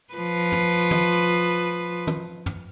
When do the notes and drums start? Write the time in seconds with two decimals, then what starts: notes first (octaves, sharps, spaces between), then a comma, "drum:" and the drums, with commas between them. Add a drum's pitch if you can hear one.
0.13 F3 B4
0.52 drum: tom
0.91 drum: tom
2.07 drum: tom
2.46 drum: tom